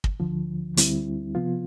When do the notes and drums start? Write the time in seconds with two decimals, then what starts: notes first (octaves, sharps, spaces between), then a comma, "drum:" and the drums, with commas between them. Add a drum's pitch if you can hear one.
0.04 drum: kick
0.20 D2 D3 F3
0.77 D2 D3 G3 C4 E4, drum: hi-hat
1.35 C3 F3 B3 F4